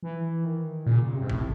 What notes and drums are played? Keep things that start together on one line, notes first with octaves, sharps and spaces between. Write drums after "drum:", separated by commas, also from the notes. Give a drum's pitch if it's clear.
E3
D#3
A#2 C#3
C3
G#2
A2, drum: kick G1